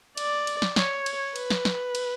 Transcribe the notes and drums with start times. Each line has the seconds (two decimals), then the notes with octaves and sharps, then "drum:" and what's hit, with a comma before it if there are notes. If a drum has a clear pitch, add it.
0.17 D5, drum: cymbal
0.47 drum: cymbal
0.62 drum: snare
0.76 C#5, drum: snare
1.06 drum: cymbal
1.36 B4, drum: cymbal
1.50 drum: snare
1.65 drum: snare
1.95 drum: cymbal